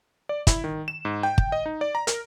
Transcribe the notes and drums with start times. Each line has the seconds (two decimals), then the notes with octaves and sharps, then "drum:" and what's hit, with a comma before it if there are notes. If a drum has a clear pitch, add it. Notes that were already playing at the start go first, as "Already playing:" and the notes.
0.29 D5
0.47 E4, drum: kick, hi-hat
0.64 D#3
0.88 E7
1.05 G#2
1.23 G5
1.38 drum: kick
1.52 D#5
1.66 D#4
1.81 D5
1.95 A#5
2.07 A#4, drum: hi-hat